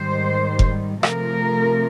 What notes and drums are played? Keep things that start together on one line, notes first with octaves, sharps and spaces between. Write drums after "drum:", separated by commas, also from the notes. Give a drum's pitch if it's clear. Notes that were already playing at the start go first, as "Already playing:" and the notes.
Already playing: G#2 D#3 G3 C5
drum: kick F1
C3 F3 A3 A#4, drum: rim click